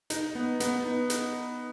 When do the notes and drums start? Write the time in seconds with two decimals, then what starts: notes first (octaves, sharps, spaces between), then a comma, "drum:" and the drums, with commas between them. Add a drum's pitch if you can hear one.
0.10 D#4, drum: hi-hat
0.35 B3
0.60 B3, drum: hi-hat
0.85 D#4
1.10 drum: hi-hat